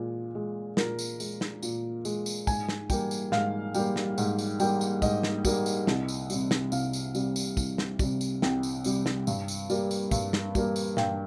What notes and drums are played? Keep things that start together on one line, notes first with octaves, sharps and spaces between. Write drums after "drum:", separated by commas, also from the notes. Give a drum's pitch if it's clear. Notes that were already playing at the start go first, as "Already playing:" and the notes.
Already playing: A#2 G#3
G#3
A#2 A#4, drum: snare
drum: tambourine
G#3, drum: tambourine
drum: snare
A#2, drum: tambourine
G#3, drum: tambourine
drum: tambourine
G#2 G#5, drum: kick, tambourine
drum: snare
G3 A#3 G5, drum: kick, tambourine
drum: tambourine
G#2 F5, drum: snare
G3 A#3 G5, drum: tambourine
drum: snare
G#2, drum: tambourine
drum: tambourine
G3 A#3 G5, drum: tambourine
drum: tambourine
G#2 D#5, drum: kick, tambourine
drum: snare
G3 A#3, drum: kick, tambourine
drum: tambourine
C2, drum: snare
drum: tambourine
C3 G3, drum: tambourine
drum: snare
C2 F5, drum: tambourine
drum: tambourine
C3 G3, drum: tambourine
drum: tambourine
C2, drum: kick, tambourine
drum: snare
C3 G3, drum: kick, tambourine
drum: tambourine
C2 G5, drum: snare
drum: tambourine
C3 G3, drum: tambourine
drum: snare
G2, drum: tambourine
drum: tambourine
G3 A#3, drum: tambourine
drum: tambourine
G2, drum: kick, tambourine
drum: snare
G3 A#3, drum: kick, tambourine
drum: tambourine
G2 G5, drum: snare